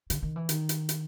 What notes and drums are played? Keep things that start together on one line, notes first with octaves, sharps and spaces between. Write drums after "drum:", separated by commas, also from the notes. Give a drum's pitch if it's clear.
D3, drum: hi-hat
D#3
E3
D#3, drum: hi-hat
drum: hi-hat
drum: hi-hat